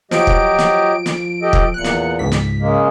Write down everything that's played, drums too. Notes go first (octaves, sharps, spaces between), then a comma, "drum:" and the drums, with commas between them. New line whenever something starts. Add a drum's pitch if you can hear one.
F3 F#3 G4 D#5 D7, drum: snare
drum: kick
drum: snare
drum: snare
G4 A4 D#5
drum: kick
E2 A#2 F#6 C#7
drum: snare
C#2 G#2 B6
drum: snare
C#3 G#3 A#3